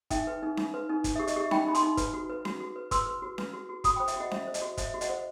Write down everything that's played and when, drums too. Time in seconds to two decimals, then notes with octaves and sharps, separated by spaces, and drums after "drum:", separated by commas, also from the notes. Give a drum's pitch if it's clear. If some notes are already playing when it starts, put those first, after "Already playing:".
0.10 D#4 E5 G5, drum: kick, hi-hat
0.27 B4
0.43 D#4
0.57 D#4, drum: snare C#4
0.74 B4
0.89 D#4
1.04 D#4, drum: kick, hi-hat
1.16 E5
1.19 G4
1.27 D#5, drum: hi-hat
1.36 G4 E5
1.51 D#4 G5 B5, drum: snare C#4
1.67 D#4 B5
1.75 A5 C6, drum: hi-hat
1.82 D#4
1.97 B4, drum: kick, hi-hat
2.14 F#4
2.30 B4
2.45 F#4, drum: snare C#4
2.60 F#4
2.76 B4
2.91 B4 C6 E6, drum: kick, hi-hat
3.06 B4
3.22 F#4
3.38 B4, drum: snare C#4
3.54 F#4
3.69 F#4
3.84 F#4 B5 D#6, drum: kick, hi-hat
3.96 C5 G5 B5
4.08 E5 G5, drum: hi-hat
4.16 F#4 D#5 F#5
4.31 C5 E5, drum: snare C#4
4.47 C5
4.54 D#5, drum: hi-hat
4.62 F#4
4.77 C5 E5, drum: kick, hi-hat
4.94 F#4
5.01 D#5 F#5, drum: hi-hat
5.09 C5